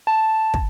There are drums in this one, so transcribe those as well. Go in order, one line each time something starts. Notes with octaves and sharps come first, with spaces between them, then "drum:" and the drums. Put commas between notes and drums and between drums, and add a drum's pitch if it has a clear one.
A5
drum: kick